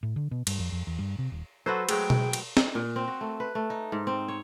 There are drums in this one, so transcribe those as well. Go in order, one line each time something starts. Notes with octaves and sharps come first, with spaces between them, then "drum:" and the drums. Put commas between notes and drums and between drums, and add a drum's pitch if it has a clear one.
A2
D3
B2
G2, drum: cymbal
F2
F2
E2
G2
C3
D#1
F#3 F#4 A4 B4 C5 E6
F#3 G#3 A3 G#4 G5, drum: cymbal
drum: tom B2
drum: cymbal
drum: snare
A#2
C4
F#4
A3
B4
A3
D#4
G#2
C4
C#5